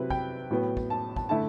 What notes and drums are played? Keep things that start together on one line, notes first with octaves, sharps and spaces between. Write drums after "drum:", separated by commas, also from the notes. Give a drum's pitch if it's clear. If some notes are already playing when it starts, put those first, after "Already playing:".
Already playing: C3 F#3 C4 E4 B4
G5, drum: kick
A2 F#3 B3
drum: kick
A5
A5, drum: kick
D3 A3 E4 A5